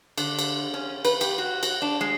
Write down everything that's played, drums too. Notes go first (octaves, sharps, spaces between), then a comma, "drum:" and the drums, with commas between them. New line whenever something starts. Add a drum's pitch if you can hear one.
D3, drum: cymbal
drum: cymbal
C#4
B4, drum: cymbal
G4, drum: cymbal
F#4
F#4, drum: cymbal
D4
G#3